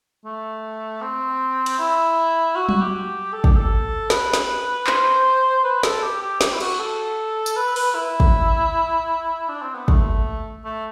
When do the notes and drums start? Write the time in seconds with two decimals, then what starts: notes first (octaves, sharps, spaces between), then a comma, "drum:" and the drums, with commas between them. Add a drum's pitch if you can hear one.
0.25 A3
1.02 C4
1.66 drum: cymbal
1.79 E4
2.56 F#4
2.69 F#4, drum: tom F#3
2.82 G4
3.33 A4
3.44 G4, drum: kick
3.56 A4
4.10 B4, drum: snare
4.33 drum: snare
4.87 C5, drum: clap
5.64 B4
5.83 A4, drum: snare
6.02 G4
6.22 G4
6.41 G4, drum: snare
6.53 E4
6.60 F#4, drum: cymbal
6.79 A4
7.46 drum: tambourine
7.57 B4
7.76 B4, drum: open hi-hat
7.95 E4
8.20 drum: kick
9.49 D4
9.62 C4
9.75 B3
9.88 A3, drum: kick
10.65 A3